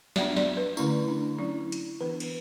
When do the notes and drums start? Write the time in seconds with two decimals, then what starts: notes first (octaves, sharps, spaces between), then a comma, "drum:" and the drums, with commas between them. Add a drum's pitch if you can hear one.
0.16 F#3 B3 D4 E5, drum: snare
0.36 D5, drum: snare
0.57 B4
0.77 D3 A3 C#4 E4, drum: tambourine
1.08 D4
1.39 F#3 C#4 E4
1.72 drum: hi-hat
2.01 E3 B3 D4 B4
2.20 drum: cymbal